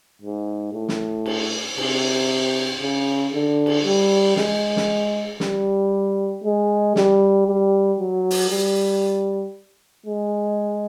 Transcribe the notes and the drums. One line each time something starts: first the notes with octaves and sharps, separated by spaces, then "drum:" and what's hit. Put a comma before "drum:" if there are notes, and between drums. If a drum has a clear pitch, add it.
G#2
A2
drum: snare
drum: cymbal
C3, drum: cymbal
C#3
D3
drum: cymbal
G3
G#3, drum: snare
drum: snare
G3, drum: snare
G#3
G3, drum: snare
G3
F#3
drum: open hi-hat
G3
G#3